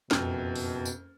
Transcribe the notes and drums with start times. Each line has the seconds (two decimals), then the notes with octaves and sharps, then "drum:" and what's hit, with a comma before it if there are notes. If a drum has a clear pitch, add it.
0.11 F#1 F2 B2 F6, drum: snare
0.56 drum: open hi-hat
0.85 drum: tambourine